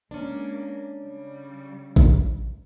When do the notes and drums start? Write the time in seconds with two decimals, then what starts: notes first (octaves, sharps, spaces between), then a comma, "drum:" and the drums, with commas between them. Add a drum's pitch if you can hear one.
0.11 G#3 A#3 C#4 D4
1.02 C#3 G3
1.96 drum: kick A1